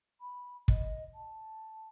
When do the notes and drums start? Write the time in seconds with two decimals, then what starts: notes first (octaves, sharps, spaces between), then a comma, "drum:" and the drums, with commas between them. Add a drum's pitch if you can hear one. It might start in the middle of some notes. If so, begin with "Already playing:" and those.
0.20 B5
0.68 D#5, drum: kick
1.14 A5